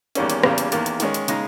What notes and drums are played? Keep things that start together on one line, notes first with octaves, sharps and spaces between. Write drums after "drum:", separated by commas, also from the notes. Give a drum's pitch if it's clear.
E2 D#3 G3 A#3 C#4, drum: hi-hat
drum: hi-hat
E2 C#3 G3 A#3, drum: rim click
drum: hi-hat
E2 D#3 A#3, drum: hi-hat
drum: hi-hat
D#3 G#3 C#4, drum: hi-hat
drum: hi-hat
C#3 G#3 D#4, drum: hi-hat